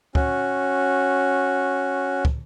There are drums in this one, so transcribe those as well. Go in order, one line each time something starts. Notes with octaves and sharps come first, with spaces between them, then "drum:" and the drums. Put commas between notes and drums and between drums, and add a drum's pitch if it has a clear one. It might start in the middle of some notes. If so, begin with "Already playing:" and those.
C#4 F#4, drum: kick
drum: kick